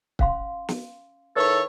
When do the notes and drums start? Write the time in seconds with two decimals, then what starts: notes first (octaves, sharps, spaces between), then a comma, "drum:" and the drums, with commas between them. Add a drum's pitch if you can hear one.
0.19 C#4 F5 C6, drum: kick C#1
0.69 drum: snare
1.36 D#3 E4 A4 B4 C#5